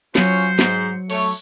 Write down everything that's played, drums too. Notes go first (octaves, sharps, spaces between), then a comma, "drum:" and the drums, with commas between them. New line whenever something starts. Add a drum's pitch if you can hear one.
F#3 C#4 F4 C5 C#5 C#7, drum: snare
G#2, drum: snare
A3 C#5, drum: cymbal